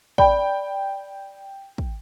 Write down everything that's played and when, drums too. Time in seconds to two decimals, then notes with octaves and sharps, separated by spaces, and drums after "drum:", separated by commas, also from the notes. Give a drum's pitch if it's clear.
0.18 D5 G5 B5, drum: kick
1.78 drum: kick